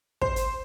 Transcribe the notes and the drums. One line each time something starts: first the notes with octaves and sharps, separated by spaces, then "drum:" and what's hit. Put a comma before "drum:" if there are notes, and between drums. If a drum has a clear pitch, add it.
C5, drum: kick
drum: hi-hat